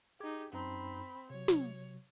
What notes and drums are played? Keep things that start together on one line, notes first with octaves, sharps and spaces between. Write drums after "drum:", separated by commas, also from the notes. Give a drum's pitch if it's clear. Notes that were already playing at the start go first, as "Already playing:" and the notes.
D#4 G4 G#4 D6 G#6
F#2 C4 D#4 A#5 B5
C3 F#3 C#5
drum: snare